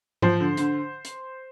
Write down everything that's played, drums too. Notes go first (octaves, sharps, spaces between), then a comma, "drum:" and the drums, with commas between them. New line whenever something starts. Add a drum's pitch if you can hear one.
F3 C5, drum: tom G#2
D3
D3, drum: hi-hat
drum: hi-hat